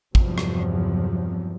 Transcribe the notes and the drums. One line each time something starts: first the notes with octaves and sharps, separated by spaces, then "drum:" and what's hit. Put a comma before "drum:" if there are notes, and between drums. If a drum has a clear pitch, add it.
E2 G2 C3 F3 F#3, drum: kick A1
drum: rim click